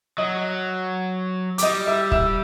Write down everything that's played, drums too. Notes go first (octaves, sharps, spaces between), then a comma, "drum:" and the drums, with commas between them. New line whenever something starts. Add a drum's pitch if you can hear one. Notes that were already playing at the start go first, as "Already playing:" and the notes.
F#3 D#5 D#6
D6, drum: hi-hat
G3 D#5 D#6
E5 E6
E5 E6, drum: kick